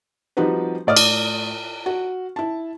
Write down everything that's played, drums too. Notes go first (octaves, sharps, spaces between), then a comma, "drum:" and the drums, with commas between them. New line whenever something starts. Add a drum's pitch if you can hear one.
F3 G3 C4 D#4 F#4 B4
A2 D5 D#6 F6
drum: cymbal
F#4
E4 A5